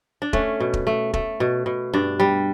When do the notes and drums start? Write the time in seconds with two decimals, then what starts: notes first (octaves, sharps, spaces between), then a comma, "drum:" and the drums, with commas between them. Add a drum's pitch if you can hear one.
0.22 D4
0.33 A3 C#4, drum: kick
0.60 B2
0.74 drum: kick
0.87 A3
1.14 A3, drum: kick
1.40 B2
1.66 B2
1.94 G2 D4
2.20 G3